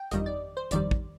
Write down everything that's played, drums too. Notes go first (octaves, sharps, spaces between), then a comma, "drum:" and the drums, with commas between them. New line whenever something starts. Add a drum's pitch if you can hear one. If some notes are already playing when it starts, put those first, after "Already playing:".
Already playing: G5
G1 F2 D#3 G3 D#5, drum: hi-hat
D5
C5
G1 F2 D#3 G3 D5, drum: hi-hat
drum: kick